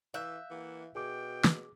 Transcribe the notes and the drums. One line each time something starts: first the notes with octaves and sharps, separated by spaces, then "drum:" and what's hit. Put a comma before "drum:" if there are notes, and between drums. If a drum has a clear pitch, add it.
E3 E5 F5 F#6 G6
E3 A#3 F#5
B2 G#4 G5 D6
drum: snare